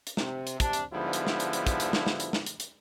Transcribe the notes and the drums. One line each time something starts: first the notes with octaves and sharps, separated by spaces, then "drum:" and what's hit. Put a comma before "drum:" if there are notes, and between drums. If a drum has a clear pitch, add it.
drum: hi-hat
C3, drum: snare
drum: hi-hat
C3 D4, drum: kick, hi-hat
drum: hi-hat
G#2 D3 F3 G3 B3 E4
drum: hi-hat
drum: snare
drum: hi-hat
drum: hi-hat
drum: kick, hi-hat
drum: hi-hat
drum: snare
drum: snare
drum: hi-hat
drum: snare
drum: hi-hat
drum: hi-hat